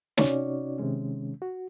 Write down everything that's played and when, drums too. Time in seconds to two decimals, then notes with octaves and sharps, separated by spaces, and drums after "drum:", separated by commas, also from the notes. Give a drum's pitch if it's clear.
0.17 C3 C#4 D#4 F#4 C#5 D5, drum: snare
0.78 C3 D#3 G#3 C#4
1.42 F#4